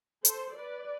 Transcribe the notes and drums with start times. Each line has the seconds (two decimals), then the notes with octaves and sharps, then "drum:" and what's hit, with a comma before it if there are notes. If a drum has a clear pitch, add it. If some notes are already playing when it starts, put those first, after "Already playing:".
0.25 A4 C5, drum: hi-hat
0.54 B4 D5